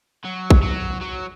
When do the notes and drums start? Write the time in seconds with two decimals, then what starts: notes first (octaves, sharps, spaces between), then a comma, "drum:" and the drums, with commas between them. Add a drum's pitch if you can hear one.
0.25 F#3
0.50 drum: kick A1
0.62 F#3
1.01 F#3